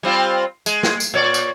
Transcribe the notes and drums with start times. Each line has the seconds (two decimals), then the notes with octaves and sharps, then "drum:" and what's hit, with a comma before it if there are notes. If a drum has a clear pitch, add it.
0.03 G3 C4 F4
0.66 G#3, drum: tambourine
0.83 drum: snare
1.00 drum: tambourine
1.14 A#2 C#5 D5
1.34 drum: tambourine